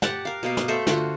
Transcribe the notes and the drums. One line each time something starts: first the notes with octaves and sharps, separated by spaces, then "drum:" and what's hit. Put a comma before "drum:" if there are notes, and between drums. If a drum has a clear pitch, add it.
G4 F#5 A5, drum: snare
A#4 F5
B2 A#3 F5
drum: snare
A3 A4 C5 E5
D3 F4 F#4, drum: snare